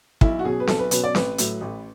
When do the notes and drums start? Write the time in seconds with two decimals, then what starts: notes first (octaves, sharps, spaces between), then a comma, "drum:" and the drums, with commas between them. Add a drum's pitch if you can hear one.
0.21 B1 E4, drum: kick
0.39 F#4
0.44 B2 F#3 C#4 G#4
0.60 B4
0.67 B1 A4, drum: snare C4
0.79 B4
0.91 B2 F#3 C#4 B4, drum: hi-hat
1.04 D5
1.15 A1 B4, drum: snare C4
1.38 A2 F#3, drum: hi-hat
1.61 A1